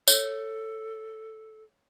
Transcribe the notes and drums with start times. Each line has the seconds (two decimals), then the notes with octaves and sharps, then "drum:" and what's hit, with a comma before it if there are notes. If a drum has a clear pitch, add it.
0.08 A4 C#5, drum: tambourine